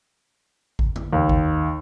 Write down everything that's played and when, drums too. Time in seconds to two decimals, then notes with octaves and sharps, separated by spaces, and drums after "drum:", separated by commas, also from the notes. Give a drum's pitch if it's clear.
0.79 drum: kick G#1
0.96 drum: tom
1.13 D#2
1.29 drum: kick G#1